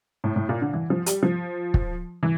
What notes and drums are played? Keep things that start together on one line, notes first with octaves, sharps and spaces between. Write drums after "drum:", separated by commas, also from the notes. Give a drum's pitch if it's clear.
A2
A2
A#2
D3
E3
F3
G3, drum: hi-hat
F3
drum: kick
E3